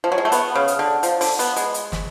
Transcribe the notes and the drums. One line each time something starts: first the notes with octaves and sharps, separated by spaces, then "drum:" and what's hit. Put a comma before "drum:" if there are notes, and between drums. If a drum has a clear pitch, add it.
F3
F#3
G#3
A3
B3, drum: hi-hat
C#3
drum: hi-hat
D3
F3, drum: hi-hat
D3, drum: open hi-hat
B3, drum: hi-hat
G#3, drum: hi-hat
drum: hi-hat
drum: snare